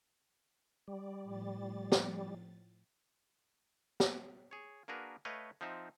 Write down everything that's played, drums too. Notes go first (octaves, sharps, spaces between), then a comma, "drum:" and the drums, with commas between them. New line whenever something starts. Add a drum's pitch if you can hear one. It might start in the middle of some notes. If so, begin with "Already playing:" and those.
G3 D5
A2 F3 A6
drum: snare
drum: snare
G#4 C#5
A#3 D4 F#4 G#4 A#4 B4
A3 B4 C#5 D#5 F5 G5
F3 C4 D#4 E5